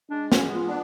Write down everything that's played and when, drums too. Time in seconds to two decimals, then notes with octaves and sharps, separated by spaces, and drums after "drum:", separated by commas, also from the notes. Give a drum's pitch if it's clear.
0.10 G#3 D4
0.32 C#4, drum: snare
0.39 B3
0.54 F4
0.67 D4